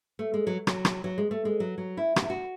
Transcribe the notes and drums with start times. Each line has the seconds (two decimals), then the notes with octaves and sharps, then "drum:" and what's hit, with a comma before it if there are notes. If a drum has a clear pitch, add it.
0.19 A3
0.34 G#3
0.47 F#3
0.67 F#3, drum: rim click
0.85 drum: rim click
1.04 F#3
1.18 G#3
1.31 A3
1.45 G#3
1.60 F#3
1.78 F#3
1.97 E4
2.16 F#4, drum: rim click
2.22 E4
2.30 F#4